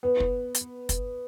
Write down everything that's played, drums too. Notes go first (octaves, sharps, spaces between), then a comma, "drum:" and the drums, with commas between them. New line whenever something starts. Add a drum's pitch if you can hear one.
B3
drum: kick
drum: hi-hat
drum: kick, hi-hat